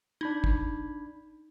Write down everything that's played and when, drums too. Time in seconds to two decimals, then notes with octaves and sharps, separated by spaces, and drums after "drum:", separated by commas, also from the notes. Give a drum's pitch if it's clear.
0.21 D4 D#4 B5 G#6
0.44 drum: kick